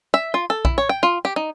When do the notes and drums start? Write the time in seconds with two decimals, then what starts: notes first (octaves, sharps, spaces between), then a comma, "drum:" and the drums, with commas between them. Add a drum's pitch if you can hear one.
0.14 E5
0.34 F4
0.50 A4
0.65 E4, drum: kick
0.78 C#5
0.89 G5
1.03 F4
1.25 G4
1.36 D#4